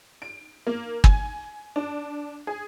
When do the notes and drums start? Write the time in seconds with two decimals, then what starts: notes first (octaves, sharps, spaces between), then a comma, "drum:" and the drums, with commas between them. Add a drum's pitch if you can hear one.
0.22 D7
0.67 A#3
1.04 G#5, drum: kick
1.76 D4
2.47 G#4